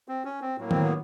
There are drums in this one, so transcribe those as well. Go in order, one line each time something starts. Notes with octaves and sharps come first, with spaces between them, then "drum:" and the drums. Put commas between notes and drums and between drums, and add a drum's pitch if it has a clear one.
C4
C#4
C4
A2 F#3 A#3
C4, drum: tom D#3
B3